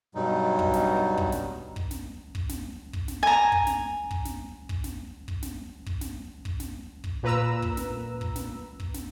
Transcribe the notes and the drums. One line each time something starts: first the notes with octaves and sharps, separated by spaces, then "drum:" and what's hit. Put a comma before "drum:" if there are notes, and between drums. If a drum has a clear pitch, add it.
G2 B2 F#3 G3 D#4
drum: kick
drum: snare
drum: kick
drum: snare
drum: kick
drum: snare
drum: kick
drum: snare
drum: kick
drum: snare
G#5 A#5
drum: kick
drum: snare
drum: kick
drum: snare
drum: kick
drum: snare
drum: kick
drum: snare
drum: kick
drum: snare
drum: kick
drum: snare
drum: kick
A#2 B4 A#5 E6
drum: kick
drum: snare
drum: kick
drum: snare
drum: kick
drum: snare